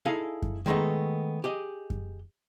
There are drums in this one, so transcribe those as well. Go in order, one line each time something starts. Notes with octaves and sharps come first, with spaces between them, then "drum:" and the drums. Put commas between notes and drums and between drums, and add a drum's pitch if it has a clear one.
D#4 E4 G#4 A4 F5 G#5
drum: kick F#2
D#3 G#3 A3 B3 D#4
G4 G#4 D#5
drum: kick F#2